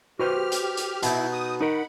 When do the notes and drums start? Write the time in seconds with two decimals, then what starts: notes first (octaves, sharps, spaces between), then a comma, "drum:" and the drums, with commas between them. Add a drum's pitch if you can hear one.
0.19 F#4 G4 B4 C5 F6
0.52 drum: hi-hat
0.77 drum: hi-hat
1.03 B2 D#4 E4, drum: hi-hat
1.33 D#6
1.61 D#4 A#4 F#5 B5